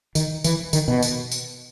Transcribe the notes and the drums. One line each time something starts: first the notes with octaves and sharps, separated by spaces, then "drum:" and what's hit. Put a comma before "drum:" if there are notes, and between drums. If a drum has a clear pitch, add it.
D#3, drum: tambourine
E3, drum: tambourine
D#3, drum: tambourine
B2
drum: tambourine
drum: tambourine